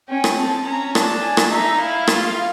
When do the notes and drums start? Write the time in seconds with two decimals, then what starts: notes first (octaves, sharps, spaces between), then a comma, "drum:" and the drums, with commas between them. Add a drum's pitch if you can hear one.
0.09 C#4 G5
0.24 drum: rim click
0.38 C4 A5
0.66 C#4 A#5
0.95 D4 A5, drum: rim click
1.22 G#5
1.37 drum: rim click
1.52 D#4 E5
1.80 E4 F5
2.07 F4, drum: rim click